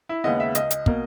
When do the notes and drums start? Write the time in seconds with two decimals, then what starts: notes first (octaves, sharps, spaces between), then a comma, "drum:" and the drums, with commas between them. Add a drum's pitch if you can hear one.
0.09 E4
0.24 D#2 C#3 G#3 B3 D#5
0.40 E5
0.55 C#2 D#5, drum: hi-hat
0.71 drum: hi-hat
0.86 B2 A#3, drum: kick